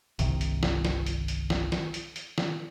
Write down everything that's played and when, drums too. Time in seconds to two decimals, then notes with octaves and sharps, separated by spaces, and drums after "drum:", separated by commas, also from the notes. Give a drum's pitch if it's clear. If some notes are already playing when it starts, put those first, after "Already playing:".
0.19 G1 C2 C3 D#3, drum: hi-hat
0.41 drum: hi-hat
0.63 drum: snare
0.85 drum: snare
1.06 drum: hi-hat
1.28 drum: hi-hat
1.50 drum: snare
1.72 drum: snare
1.94 drum: hi-hat
2.16 drum: hi-hat
2.38 drum: snare